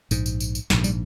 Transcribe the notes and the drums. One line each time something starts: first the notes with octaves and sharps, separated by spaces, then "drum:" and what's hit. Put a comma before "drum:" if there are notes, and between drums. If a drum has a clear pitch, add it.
A#1 G#2, drum: tambourine
drum: tambourine
drum: tambourine
drum: tambourine
A#1 G#2, drum: snare
G3, drum: tambourine